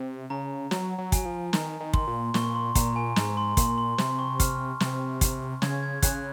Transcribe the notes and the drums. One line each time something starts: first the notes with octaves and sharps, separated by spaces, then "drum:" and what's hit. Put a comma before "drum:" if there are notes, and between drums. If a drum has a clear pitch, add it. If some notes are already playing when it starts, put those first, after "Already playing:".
Already playing: C3
C#3 A#5
F#3 A#5, drum: snare
F#3
G#5, drum: kick, hi-hat
F3
D#3 A#5, drum: snare
D#3
C6, drum: kick
A#2
A#2 C#6, drum: snare
C6
A#2 A#5, drum: kick, hi-hat
G#5
G#2 A#5, drum: snare
C6
A#2 C6, drum: kick, hi-hat
C6
C3 C6, drum: snare
C#6
F6, drum: kick, hi-hat
C3, drum: snare
drum: kick, hi-hat
C#3 G#6, drum: snare
G#6
C#3 F#6, drum: kick, hi-hat